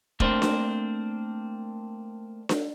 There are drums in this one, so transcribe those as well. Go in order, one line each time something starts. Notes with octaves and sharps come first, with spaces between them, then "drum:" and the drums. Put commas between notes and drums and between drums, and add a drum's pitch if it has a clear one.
A3 A#3 C4 D4 C5, drum: kick E1
drum: snare D4
drum: snare D4